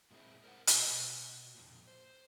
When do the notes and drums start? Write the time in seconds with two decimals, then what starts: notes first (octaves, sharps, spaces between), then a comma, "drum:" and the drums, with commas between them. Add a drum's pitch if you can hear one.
0.11 A#2 G#3 B3 C4 E4
0.44 A#4 C5 D#5 F#5
0.67 B2, drum: hi-hat
0.84 B2
1.55 F2 A#2
1.88 C5